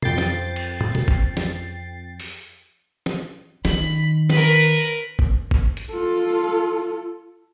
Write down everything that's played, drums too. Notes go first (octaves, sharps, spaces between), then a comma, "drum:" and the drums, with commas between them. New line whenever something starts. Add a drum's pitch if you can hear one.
F2 G5 A6 C7, drum: tom
drum: snare
drum: cymbal
drum: tom
drum: tom
drum: kick G#1
drum: snare
drum: open hi-hat
drum: snare
D#3 B5, drum: snare
A#4 B4, drum: snare
drum: kick G#1
drum: kick G#1
drum: hi-hat
F4 A4